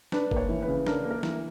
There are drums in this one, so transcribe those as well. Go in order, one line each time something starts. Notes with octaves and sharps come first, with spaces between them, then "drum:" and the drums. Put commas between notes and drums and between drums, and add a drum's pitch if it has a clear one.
D4 B4, drum: snare
A#3, drum: kick F#1
C#5
E3
B4
C#3
D4 A#4, drum: snare
A#3
A#4
E3, drum: snare